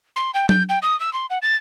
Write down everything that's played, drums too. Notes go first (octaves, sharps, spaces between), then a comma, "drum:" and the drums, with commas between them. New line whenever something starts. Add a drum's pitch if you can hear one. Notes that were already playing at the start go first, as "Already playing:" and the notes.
C6
G5
G6, drum: tom F#3
G5
D#6
E6
C6
F#5
A6